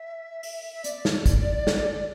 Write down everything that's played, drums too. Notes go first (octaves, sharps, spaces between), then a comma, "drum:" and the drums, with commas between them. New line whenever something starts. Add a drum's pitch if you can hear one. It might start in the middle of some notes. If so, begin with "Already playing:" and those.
Already playing: E5
drum: open hi-hat
E5
D5, drum: hi-hat
drum: snare
drum: kick, hi-hat
drum: snare